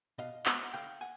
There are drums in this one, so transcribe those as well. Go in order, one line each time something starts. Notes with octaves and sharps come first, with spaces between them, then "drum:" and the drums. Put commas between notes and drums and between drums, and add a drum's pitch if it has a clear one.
B2 D#5 F5
G#3 B3 E5 F#5, drum: clap
D3 F5 G5
F#5 G#5